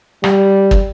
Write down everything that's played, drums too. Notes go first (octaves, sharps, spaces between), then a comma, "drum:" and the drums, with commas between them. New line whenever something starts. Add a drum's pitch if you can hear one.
G3, drum: rim click
drum: kick